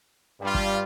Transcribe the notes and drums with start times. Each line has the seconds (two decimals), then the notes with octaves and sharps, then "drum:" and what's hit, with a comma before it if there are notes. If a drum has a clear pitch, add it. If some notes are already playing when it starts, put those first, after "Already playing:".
0.40 G2 G3 F4
0.55 drum: kick